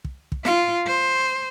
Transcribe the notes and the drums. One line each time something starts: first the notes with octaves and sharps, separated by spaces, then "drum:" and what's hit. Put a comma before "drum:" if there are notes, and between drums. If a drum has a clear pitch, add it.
drum: kick
drum: kick
F4, drum: snare
C5